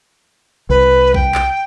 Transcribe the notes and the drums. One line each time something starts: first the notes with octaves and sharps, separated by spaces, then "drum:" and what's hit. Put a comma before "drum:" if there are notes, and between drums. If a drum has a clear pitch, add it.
C2 B4
G5, drum: kick B1
drum: clap